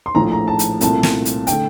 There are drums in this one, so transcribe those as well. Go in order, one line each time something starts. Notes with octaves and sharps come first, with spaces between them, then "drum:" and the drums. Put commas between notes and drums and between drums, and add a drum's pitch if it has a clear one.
C6
A#1 A2 F3 A3 A#5
A#5
A5
drum: hi-hat
C2 A#2 A3 C4 A5, drum: hi-hat
drum: snare
drum: hi-hat
D3 A3 G5, drum: hi-hat